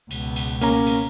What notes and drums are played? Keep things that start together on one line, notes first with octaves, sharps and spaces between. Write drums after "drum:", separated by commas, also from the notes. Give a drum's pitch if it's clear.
C#2 B2, drum: cymbal
drum: cymbal
A#3 C#4 A#5, drum: cymbal
drum: cymbal